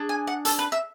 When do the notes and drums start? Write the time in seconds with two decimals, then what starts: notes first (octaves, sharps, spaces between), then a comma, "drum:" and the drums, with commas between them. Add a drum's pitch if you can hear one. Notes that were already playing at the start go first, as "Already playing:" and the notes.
Already playing: D4 G#4
0.09 G#5
0.27 F#5
0.45 A4, drum: hi-hat
0.59 B4
0.72 E5